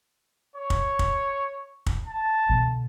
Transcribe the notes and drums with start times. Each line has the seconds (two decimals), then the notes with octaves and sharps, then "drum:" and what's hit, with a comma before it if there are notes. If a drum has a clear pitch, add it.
0.56 C#5
0.70 drum: kick
0.99 drum: kick
1.86 drum: kick
2.08 A5
2.49 B2 D3